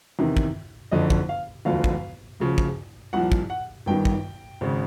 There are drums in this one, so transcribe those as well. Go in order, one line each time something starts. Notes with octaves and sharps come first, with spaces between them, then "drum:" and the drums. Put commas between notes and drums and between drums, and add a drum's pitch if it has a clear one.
E2 C3 D#3
drum: kick
F#1 F2 D3 F3 D#5
drum: kick
F5
E1 D2 D3 F3 F5
drum: kick
D2 C#3 F3
drum: kick
C2 A#2 F3 F#5
drum: kick
F#5
G1 G2 D#3 G5
drum: kick
G#1 C#3